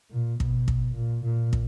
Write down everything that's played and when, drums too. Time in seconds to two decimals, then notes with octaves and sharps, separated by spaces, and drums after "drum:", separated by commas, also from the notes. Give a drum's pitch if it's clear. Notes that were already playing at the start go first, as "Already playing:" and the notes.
0.11 A#2
0.40 B2, drum: kick
0.68 drum: kick
0.95 A#2
1.25 A#2
1.53 drum: kick